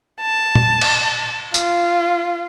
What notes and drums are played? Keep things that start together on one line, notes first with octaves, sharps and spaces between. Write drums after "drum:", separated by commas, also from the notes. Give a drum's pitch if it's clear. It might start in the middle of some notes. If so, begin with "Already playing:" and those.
A5
drum: tom A#2
drum: cymbal
F4, drum: tambourine